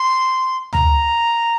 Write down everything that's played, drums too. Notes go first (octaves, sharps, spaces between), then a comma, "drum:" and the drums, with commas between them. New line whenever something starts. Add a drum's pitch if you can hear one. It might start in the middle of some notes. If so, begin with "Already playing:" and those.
Already playing: C6
A#5, drum: tom